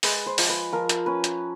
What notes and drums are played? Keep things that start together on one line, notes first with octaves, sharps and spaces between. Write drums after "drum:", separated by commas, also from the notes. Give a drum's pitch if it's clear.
G#3 B4, drum: open hi-hat
C5
F3, drum: open hi-hat
B4
F3 A#4
drum: hi-hat
C#4 B4
drum: hi-hat